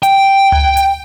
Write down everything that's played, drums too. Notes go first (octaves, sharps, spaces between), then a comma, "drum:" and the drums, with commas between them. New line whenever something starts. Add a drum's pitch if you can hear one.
G5, drum: hi-hat
drum: tom C#2
drum: hi-hat